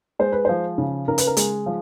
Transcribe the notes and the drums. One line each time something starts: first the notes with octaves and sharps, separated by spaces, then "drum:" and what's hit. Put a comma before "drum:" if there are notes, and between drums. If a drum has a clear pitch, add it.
G#3 C5
B4
F3 C5
C#3
C#3 A#4
B4, drum: hi-hat
A#4
G#3, drum: hi-hat
F3